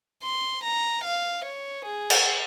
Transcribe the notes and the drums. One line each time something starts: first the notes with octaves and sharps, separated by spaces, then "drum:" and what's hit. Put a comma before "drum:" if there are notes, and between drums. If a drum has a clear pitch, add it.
C6
A#5
F5
C#5
G#4
drum: cymbal